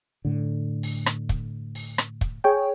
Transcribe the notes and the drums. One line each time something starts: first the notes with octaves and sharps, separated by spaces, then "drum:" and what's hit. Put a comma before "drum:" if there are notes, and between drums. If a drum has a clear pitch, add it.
A2 D3
drum: open hi-hat
drum: rim click
drum: kick, hi-hat
drum: open hi-hat
drum: rim click
drum: kick, hi-hat
G#4 C#5 G5